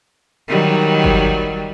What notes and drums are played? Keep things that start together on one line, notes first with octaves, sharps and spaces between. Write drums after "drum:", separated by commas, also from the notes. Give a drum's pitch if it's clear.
D#3 F#3 G3
drum: kick G1